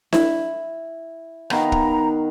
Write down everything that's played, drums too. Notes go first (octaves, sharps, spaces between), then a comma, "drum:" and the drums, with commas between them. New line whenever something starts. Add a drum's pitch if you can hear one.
E4, drum: snare D4
D#3 B3 F5 A#5, drum: rim click
drum: kick